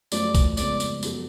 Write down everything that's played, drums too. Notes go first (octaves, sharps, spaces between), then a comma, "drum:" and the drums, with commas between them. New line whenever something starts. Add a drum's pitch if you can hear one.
F#2 F3 A3 D5, drum: tambourine
drum: kick, tambourine
F2 C#3 G#3 B3 D5, drum: tambourine
drum: tambourine
F#2 F3 B3 F#4 A4, drum: tambourine